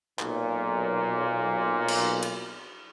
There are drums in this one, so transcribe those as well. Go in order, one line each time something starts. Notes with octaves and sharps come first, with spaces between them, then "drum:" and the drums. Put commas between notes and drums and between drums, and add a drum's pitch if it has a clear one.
B1 A#2, drum: clap
drum: cymbal
drum: cymbal